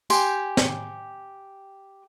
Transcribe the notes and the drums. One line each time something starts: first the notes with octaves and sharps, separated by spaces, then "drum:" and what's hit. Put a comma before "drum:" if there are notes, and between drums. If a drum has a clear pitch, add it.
G4 G5 G#5 C6, drum: tambourine
drum: snare